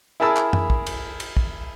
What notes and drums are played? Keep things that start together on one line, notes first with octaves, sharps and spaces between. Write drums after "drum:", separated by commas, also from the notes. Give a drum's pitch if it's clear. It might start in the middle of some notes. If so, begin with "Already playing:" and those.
E4 G#4 A#4 A5 B5 E6
drum: clap
drum: tom
drum: kick
drum: cymbal
drum: cymbal
drum: kick